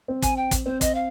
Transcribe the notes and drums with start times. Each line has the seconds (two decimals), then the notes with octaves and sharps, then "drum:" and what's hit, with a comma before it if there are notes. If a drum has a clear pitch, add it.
0.08 C4
0.22 G#5, drum: kick, hi-hat
0.37 G5
0.51 drum: kick, hi-hat
0.66 C4 C5
0.81 D#5, drum: kick, hi-hat
0.95 F5